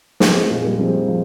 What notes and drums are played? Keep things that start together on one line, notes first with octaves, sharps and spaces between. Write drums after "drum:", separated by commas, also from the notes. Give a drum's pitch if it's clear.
F3, drum: snare
G#3 C4
A#2 G#3
G3 A#3
F3 G#3 C4
F3